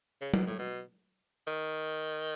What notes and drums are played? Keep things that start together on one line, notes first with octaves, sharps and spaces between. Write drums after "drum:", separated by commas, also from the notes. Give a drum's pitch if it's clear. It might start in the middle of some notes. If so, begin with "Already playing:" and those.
C#3
B2, drum: tom
A2
B2
D#3